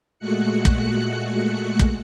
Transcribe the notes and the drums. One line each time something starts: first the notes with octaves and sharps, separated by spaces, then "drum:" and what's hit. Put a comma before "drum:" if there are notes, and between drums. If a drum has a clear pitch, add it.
A#2 G#3 A3 F#4 F#6 C#7
drum: kick
drum: kick